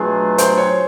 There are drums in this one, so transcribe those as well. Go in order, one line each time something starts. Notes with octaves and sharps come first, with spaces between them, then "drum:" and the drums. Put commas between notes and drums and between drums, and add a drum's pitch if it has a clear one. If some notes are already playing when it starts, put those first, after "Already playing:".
Already playing: B2 F#3 A3 D4 F4 G#4
C5, drum: hi-hat
C#5